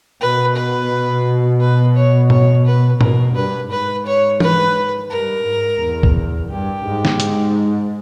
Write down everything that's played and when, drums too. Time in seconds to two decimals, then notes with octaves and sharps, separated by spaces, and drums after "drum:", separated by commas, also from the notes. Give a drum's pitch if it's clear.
0.20 B2 B4
0.55 B4
1.60 B4
1.96 C#5
2.30 C#5, drum: tom G#2
2.65 B4
3.01 B2 A#4, drum: tom G#2
3.35 G2 B4
3.71 G#2 B4
4.06 C#5
4.40 B4, drum: tom E3
5.10 G2 A#4
5.45 G#2
5.81 E2
6.03 drum: kick B1
6.50 G2 G4
6.85 G#2
7.05 drum: snare
7.20 G#2, drum: hi-hat